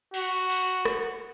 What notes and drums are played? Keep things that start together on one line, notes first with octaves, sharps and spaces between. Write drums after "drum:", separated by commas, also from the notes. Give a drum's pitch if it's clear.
F#4, drum: cymbal
drum: cymbal
drum: rim click